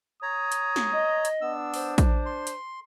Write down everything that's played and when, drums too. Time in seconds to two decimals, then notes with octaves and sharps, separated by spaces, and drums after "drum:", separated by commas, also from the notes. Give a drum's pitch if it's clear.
0.22 C#5 A#5 D#6
0.52 drum: hi-hat
0.76 drum: snare
0.92 D#5
1.25 drum: hi-hat
1.41 B3 D4 E6
1.74 C5, drum: open hi-hat
1.98 drum: kick, hi-hat
2.26 C6
2.47 drum: hi-hat